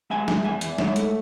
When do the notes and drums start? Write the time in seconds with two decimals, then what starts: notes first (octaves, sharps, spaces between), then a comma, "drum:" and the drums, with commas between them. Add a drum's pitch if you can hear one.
0.10 G#3 E5 G#5
0.28 G#3, drum: snare
0.44 E2 E5 G#5
0.61 E2, drum: hi-hat
0.78 G#2 C#5 E5, drum: snare
0.96 A3, drum: hi-hat